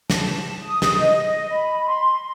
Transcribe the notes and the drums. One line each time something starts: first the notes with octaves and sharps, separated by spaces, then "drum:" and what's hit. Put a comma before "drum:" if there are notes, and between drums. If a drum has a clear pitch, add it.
A5, drum: snare
D#6
drum: snare
D#5
B5
C6